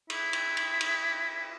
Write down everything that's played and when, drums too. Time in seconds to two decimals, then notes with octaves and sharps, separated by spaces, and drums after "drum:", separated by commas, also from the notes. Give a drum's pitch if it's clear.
0.10 E4, drum: cymbal
0.33 drum: cymbal
0.57 drum: cymbal
0.81 drum: cymbal